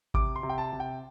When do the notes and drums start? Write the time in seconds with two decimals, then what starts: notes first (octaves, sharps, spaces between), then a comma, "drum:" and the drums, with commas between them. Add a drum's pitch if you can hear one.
0.14 C3 D6, drum: kick G#1
0.36 C6
0.43 C3
0.49 G5
0.58 A5
0.72 C3
0.80 G5